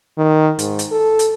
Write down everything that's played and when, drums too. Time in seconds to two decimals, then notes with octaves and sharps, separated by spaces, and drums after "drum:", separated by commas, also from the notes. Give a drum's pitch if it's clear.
0.18 D#3
0.59 G#2, drum: hi-hat
0.79 drum: hi-hat
0.92 A4
1.19 drum: hi-hat